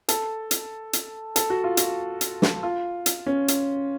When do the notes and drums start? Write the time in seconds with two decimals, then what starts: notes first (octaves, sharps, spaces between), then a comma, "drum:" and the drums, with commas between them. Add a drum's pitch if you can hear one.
0.09 A4, drum: hi-hat
0.51 drum: hi-hat
0.93 drum: hi-hat
1.36 A4, drum: hi-hat
1.50 F#4
1.64 F4
1.77 F#4, drum: hi-hat
2.21 drum: hi-hat
2.42 drum: snare
2.63 F4
3.06 drum: hi-hat
3.26 C#4
3.48 drum: hi-hat